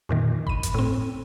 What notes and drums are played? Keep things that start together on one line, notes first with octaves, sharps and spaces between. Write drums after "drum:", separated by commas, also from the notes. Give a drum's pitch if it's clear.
F2 A#2 D#3
B5 D#7, drum: kick G1
drum: hi-hat
A2 C4